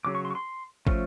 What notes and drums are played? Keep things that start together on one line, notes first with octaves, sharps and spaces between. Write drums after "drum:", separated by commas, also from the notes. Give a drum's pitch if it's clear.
C#3 F#3 D6
C#6
C6
C#6
C6
F3 A3 C#4, drum: kick